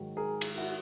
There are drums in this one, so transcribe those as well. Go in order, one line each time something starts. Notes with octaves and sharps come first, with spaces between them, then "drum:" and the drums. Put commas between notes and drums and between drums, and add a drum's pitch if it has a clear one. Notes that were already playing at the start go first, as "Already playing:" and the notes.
Already playing: G#2 D#3 F#3
G#4 A#4
drum: cymbal
E4 F#4